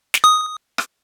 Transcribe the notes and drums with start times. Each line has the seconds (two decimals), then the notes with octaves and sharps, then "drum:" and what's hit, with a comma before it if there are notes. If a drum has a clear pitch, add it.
0.14 drum: snare
0.24 D#6
0.78 drum: rim click